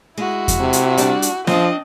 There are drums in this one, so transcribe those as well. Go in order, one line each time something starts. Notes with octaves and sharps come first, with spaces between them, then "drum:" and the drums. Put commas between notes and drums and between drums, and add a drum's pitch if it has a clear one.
G#3 E4 F#4
drum: kick E2, hi-hat
C3
drum: hi-hat
G3 D4 A5, drum: hi-hat
drum: hi-hat
F3 C4 D4 D#5, drum: snare